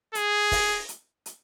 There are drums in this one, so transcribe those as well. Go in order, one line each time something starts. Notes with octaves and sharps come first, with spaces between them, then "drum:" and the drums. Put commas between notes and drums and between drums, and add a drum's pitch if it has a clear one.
G#4, drum: hi-hat
drum: kick, open hi-hat
drum: hi-hat
drum: hi-hat